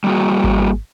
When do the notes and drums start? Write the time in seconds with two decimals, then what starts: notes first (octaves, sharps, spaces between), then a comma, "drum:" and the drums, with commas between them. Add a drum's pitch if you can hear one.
0.04 G3 A#3 D#4 F#4 G#4
0.44 drum: kick G#1